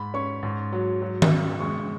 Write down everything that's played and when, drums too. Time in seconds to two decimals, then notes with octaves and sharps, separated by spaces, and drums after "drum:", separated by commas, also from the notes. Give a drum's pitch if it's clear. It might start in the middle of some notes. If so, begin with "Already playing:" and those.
Already playing: G#2 B5
0.14 C#4 C#6
0.43 G#2
0.72 F#3
1.02 F#3
1.22 drum: tom D#3
1.32 C#3
1.60 G#3 C#6